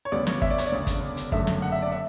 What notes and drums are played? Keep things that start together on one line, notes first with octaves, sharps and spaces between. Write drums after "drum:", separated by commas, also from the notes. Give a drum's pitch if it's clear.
C#5
D2 C#3 G3 B3 D5
C#5, drum: snare
E5, drum: kick
D5
C#5, drum: hi-hat
D5
E1 D2 C#3
drum: kick, hi-hat
drum: hi-hat
F#1 F#2 D3 A3 E5, drum: kick
drum: snare
F#5
E5
D5
E5